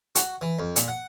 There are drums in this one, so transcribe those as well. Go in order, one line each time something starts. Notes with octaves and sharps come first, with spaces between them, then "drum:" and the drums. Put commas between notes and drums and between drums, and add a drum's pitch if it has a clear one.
F#4, drum: hi-hat
E3
F2
A#2, drum: hi-hat
F#5